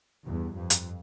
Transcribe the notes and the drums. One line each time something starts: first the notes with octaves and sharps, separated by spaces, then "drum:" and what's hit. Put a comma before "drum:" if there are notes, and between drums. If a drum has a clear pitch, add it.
E2 G2
F2
drum: hi-hat